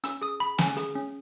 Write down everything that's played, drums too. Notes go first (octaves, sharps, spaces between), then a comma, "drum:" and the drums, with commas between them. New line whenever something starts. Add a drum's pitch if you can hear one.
C#4 E6, drum: hi-hat
G#4 D#6
G#4 B5
C#4 G#5, drum: snare
G#4, drum: hi-hat
C#4